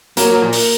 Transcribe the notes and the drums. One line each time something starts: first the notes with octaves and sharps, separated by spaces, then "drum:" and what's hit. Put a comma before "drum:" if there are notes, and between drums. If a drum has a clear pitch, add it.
F#3 A#3 A#4, drum: hi-hat
F#3
A#2
drum: open hi-hat